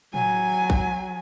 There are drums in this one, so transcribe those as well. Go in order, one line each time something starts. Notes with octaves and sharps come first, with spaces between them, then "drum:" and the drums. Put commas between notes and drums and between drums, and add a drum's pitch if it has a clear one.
F#3 G#5, drum: tom
drum: kick